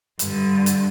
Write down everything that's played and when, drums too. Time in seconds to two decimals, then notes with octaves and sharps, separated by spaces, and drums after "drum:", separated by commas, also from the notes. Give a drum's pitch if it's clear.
0.19 G2 D3, drum: hi-hat
0.66 drum: hi-hat